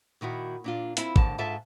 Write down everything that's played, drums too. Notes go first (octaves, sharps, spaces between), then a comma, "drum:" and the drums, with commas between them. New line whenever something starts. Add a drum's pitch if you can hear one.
A#2 D#3 E4 F#4
A#2 D4 F4
C4 E4 F4, drum: hi-hat
D#2 G#2 D3 A5, drum: kick
G#2 F4 A4 E5 A5